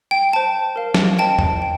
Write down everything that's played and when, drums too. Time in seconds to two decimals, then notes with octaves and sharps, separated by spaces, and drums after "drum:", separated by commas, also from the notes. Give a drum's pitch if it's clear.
0.11 G5
0.33 C5 G5 A5
0.76 A#4 F5
0.94 drum: snare
1.19 C5 D#5 G5 A5
1.39 drum: tom E2
1.62 G5